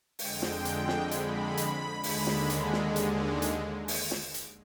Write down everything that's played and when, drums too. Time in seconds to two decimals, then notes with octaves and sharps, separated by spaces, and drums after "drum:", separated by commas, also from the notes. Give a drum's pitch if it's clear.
0.19 F2 D3 G#3 G5, drum: open hi-hat
0.42 drum: snare
0.65 drum: hi-hat
0.88 drum: snare
1.11 B5, drum: hi-hat
1.57 drum: hi-hat
2.03 D#2 D3 G#3 B5, drum: open hi-hat
2.27 drum: snare
2.50 drum: hi-hat
2.73 drum: snare
2.96 drum: hi-hat
3.42 drum: hi-hat
3.88 drum: open hi-hat
4.11 drum: snare
4.34 drum: hi-hat